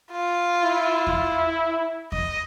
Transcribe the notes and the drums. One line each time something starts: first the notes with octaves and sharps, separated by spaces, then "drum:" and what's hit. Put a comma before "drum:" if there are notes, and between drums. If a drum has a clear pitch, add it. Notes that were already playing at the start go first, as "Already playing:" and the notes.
F4
E4
drum: kick E2
D#5, drum: kick E2